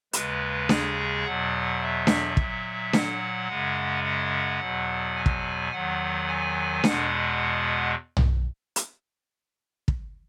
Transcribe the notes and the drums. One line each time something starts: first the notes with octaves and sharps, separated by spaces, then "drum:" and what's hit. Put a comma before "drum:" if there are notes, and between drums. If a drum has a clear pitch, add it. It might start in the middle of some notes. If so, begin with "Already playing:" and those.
D#2 C#3 G#3 B4, drum: hi-hat
G#4, drum: snare D4
E2 B2 F#3 F#5
E5
drum: snare D4
A#2 F#3, drum: kick
F#5, drum: snare D4
F#2 C#3 G#3
F#5
E2 B2 F#3
G#5
drum: kick
E2 D#3 F#3 F#5
G#5
E2 B2 G#3 F#5, drum: snare D4
drum: tom
drum: hi-hat
drum: kick